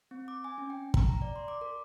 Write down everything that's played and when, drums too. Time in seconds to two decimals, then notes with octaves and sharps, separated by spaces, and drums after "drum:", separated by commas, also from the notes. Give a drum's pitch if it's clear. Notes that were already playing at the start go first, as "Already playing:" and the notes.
0.11 C4
0.28 D6
0.44 G#5
0.58 C#4
0.70 G5
0.94 A#5, drum: kick
1.05 A#5
1.22 D5
1.36 C6
1.48 D6
1.61 A#4